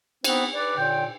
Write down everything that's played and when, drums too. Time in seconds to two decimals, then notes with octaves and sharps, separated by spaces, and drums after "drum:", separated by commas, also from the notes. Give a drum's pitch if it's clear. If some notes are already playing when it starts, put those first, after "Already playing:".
0.24 B3 C4 D#4 F#4 B4 C5, drum: cymbal
0.54 B4 D5
0.77 A#2 D3 C#5 G5